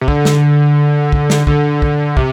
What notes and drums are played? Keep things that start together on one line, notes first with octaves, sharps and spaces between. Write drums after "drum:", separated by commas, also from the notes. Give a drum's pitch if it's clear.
C3
D3, drum: kick
drum: snare
drum: kick
drum: snare
D3, drum: kick
drum: kick
C3, drum: kick